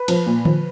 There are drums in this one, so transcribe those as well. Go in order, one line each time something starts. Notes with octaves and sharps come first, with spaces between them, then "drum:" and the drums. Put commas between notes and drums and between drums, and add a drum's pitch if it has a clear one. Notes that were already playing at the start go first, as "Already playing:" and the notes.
Already playing: B4
F3, drum: cymbal
A#2
F3, drum: tom D3